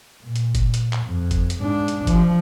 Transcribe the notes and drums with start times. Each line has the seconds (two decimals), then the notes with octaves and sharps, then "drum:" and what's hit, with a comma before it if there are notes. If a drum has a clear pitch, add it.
0.23 A#2
0.36 drum: hi-hat
0.55 drum: kick, hi-hat
0.74 drum: hi-hat
0.93 drum: clap
1.05 F2
1.31 drum: kick, hi-hat
1.50 drum: hi-hat
1.62 G#2 D4
1.88 drum: hi-hat
2.07 F3, drum: kick, hi-hat